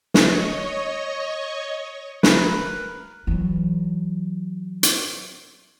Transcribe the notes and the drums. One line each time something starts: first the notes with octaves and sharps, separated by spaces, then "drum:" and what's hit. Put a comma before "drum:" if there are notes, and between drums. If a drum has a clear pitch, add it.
C#5 D#5 C#6, drum: snare
A#4 B4, drum: snare
E3 F#3
drum: hi-hat